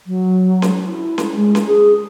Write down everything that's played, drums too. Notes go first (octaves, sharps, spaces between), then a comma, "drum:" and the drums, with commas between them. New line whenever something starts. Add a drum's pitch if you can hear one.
F#3
drum: snare C#4
E4
drum: snare C#4
G#3
drum: snare C#4
G#4